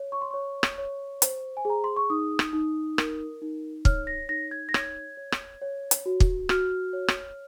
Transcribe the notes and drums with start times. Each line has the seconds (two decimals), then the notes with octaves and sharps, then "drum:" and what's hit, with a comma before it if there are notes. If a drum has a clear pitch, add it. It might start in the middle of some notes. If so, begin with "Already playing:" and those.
Already playing: C#5
0.12 C#6
0.21 C6
0.31 C#5 C#6
0.63 drum: rim click
0.78 C#5
1.22 C5, drum: hi-hat
1.57 G#5
1.65 G#4 A#5
1.84 C6
1.96 C#6
2.10 D#4 D#6
2.39 drum: rim click
2.53 D#4
2.98 A#4, drum: rim click
3.42 D#4
3.85 C#5 F6, drum: kick
4.07 A#6
4.29 D#4 A#6
4.51 G#6
4.69 A#6
4.74 C#5 G#6, drum: rim click
5.17 C#5
5.32 drum: rim click
5.62 C#5
5.91 drum: hi-hat
6.06 F#4
6.20 drum: kick
6.49 F#4 F6, drum: rim click
6.93 C#5
7.08 drum: rim click